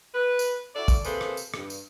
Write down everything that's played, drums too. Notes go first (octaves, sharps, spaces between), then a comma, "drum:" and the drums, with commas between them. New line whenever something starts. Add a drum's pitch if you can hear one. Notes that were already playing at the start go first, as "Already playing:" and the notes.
B4
drum: tambourine
E4 F#4 A4 D5
drum: kick, tambourine
C3 A#3 G#4 A4 B4 C5, drum: tambourine
drum: rim click
drum: tambourine
G2, drum: rim click
drum: tambourine